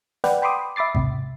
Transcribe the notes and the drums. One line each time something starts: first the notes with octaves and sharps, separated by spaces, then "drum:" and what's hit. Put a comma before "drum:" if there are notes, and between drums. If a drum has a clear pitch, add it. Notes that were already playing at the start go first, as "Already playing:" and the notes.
B4 D5 F#5 G5, drum: snare
G5 B5 C6 D6 D#6
E5 B5 D6 A6 C7
G#2 C3, drum: kick A1